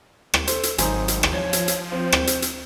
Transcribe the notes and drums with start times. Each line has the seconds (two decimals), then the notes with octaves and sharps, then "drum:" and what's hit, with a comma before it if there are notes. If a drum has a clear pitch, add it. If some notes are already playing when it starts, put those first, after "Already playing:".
0.34 drum: rim click
0.47 A4 C5, drum: hi-hat
0.63 drum: hi-hat
0.78 G#1 F#3 D#4 C5 G#5, drum: hi-hat
1.08 drum: hi-hat
1.23 drum: rim click
1.32 F3 C#5
1.53 drum: hi-hat
1.68 drum: hi-hat
1.92 C4 C5
2.12 drum: rim click
2.27 drum: hi-hat
2.42 drum: hi-hat